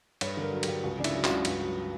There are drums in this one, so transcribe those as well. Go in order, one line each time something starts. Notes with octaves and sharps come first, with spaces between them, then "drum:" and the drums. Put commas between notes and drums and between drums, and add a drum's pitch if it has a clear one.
G2 C#5, drum: cymbal
D3 A#4
F#3
G4, drum: cymbal
G2
C#2 F#4
C#3 D4
E4, drum: cymbal
F#3
C#2 F#4, drum: clap
G2, drum: cymbal
F#3